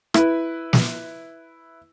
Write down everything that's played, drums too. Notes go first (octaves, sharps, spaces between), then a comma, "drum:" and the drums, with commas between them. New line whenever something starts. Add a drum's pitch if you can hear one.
E4 B4, drum: rim click
drum: snare